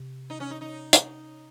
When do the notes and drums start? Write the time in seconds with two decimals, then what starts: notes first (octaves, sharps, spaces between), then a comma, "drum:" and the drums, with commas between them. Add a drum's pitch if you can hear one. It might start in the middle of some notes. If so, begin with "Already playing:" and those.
Already playing: C3
0.30 D#4
0.40 C#4
0.51 D#4
0.61 D#4
0.93 drum: hi-hat